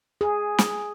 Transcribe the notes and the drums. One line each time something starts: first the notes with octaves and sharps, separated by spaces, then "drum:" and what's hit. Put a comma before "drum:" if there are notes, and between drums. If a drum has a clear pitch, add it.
G#4
drum: snare